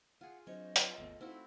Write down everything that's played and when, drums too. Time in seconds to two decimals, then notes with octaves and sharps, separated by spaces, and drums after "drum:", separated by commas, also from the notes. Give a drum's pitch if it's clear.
0.21 F4 G#4 F#5
0.47 F#3 C4 D4 C5 C#5 D#5
0.76 F4 B4 E5 C6, drum: hi-hat
0.98 G#1 D#2 A3 B3
1.21 C4 D#4 E4 F#4 F5